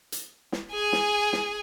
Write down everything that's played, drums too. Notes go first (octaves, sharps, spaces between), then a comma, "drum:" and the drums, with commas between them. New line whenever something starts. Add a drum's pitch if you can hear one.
drum: hi-hat
drum: snare
G#4 G#5
drum: snare
drum: snare